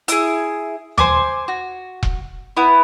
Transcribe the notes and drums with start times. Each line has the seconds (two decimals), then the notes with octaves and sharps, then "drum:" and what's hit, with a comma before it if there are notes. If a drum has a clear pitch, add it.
0.08 E4 G#4, drum: hi-hat
0.98 C5 G#5 D6, drum: tom D#2
1.48 F#4
2.03 drum: kick E1
2.57 B3 E4